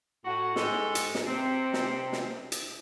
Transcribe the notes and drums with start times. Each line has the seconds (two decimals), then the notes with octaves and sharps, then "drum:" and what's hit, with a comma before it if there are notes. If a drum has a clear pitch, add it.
0.25 A2 F#4
0.56 G#2 G#3 G4 A4, drum: snare
0.95 drum: hi-hat
1.15 drum: snare
1.26 C3 C4
1.73 drum: snare
2.13 drum: snare
2.52 drum: hi-hat